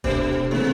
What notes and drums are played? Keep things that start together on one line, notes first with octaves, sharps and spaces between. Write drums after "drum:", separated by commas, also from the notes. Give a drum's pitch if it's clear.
B2 A3 D4 G4 C5, drum: kick
C3 E3 A3 C4 E4